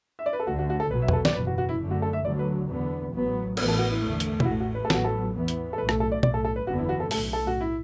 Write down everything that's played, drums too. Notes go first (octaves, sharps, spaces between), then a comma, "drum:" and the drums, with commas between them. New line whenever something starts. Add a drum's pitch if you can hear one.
E5
D5
B4
A4
D2 D3 A3 F#4
F#4
F#4
A4
B1 B2 F#3 B3 B4
E5
B4, drum: tom E2
A4
D5, drum: snare
F#1 E2 B2 B4
F#4
F#4
E4
F#2 D3 A3
F#4
A4
E5
D2 D3 F#3 D5
B4
E2 D3 B3
A1 A2 F#3 B3
A1 A2 E3 B3 B4, drum: cymbal
A4
F#4
E4
E2 D3 A3
drum: hi-hat
E4, drum: tom
A1 A2 A3 F#4
F#4
B4
A4
A1 A2 F#3 B3 F#4, drum: snare
A4
E2 E3 B3
drum: hi-hat
A4
B1 A2 A3 B4
A4, drum: rim click
A4
D5
B1 A2 A3 D5, drum: tom
A4
A4
B4
F#1 E2 D3 B3 F#4
E4
F#4
A4
B1 A2 A3 A4, drum: open hi-hat
A4
F#4
E4